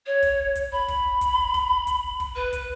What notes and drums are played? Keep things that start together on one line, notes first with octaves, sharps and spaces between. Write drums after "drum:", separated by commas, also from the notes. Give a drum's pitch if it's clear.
C#5
drum: kick, open hi-hat
drum: kick, hi-hat
B5
drum: kick, open hi-hat
drum: kick, hi-hat
drum: kick, open hi-hat
drum: kick, hi-hat
drum: kick, open hi-hat
B4
drum: kick, hi-hat